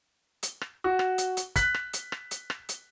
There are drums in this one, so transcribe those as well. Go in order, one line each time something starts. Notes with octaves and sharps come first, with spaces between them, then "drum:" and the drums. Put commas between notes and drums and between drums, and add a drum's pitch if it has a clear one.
drum: hi-hat
drum: rim click
F#4
drum: rim click
drum: hi-hat
drum: hi-hat
F#6 B6, drum: kick, hi-hat
drum: rim click
drum: hi-hat
drum: rim click
drum: hi-hat
drum: rim click
drum: hi-hat